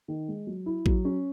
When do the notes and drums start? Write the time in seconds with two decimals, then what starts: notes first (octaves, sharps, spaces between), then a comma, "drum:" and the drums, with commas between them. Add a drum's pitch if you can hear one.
0.08 D#3
0.28 G#3
0.47 F#3
0.66 E4
0.86 F#3, drum: kick
1.05 C#4